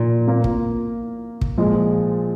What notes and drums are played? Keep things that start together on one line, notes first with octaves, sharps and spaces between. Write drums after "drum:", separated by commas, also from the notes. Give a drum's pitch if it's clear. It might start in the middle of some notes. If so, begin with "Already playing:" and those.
Already playing: A#2 F3 D#4
A#3 F4 A#4
drum: kick
drum: kick
A#2 F3 G#3